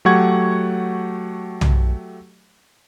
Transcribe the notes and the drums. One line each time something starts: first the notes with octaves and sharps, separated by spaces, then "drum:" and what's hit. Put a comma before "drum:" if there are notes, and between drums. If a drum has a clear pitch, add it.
F#3 A3 G4 F#5 C#6 G#6
drum: tom